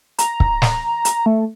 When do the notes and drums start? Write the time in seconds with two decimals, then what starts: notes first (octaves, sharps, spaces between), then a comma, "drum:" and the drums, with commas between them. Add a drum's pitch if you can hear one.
0.19 A#5, drum: hi-hat
0.40 drum: kick C#1
0.62 drum: snare
1.05 drum: hi-hat
1.26 A3